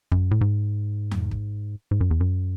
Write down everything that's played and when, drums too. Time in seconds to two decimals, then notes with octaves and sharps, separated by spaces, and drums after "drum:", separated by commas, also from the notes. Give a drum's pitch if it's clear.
0.12 F#2, drum: kick
0.31 A2
0.41 G#2
1.11 drum: tom E2
1.31 drum: kick
1.91 G#2
2.01 F#2
2.11 E2
2.21 F#2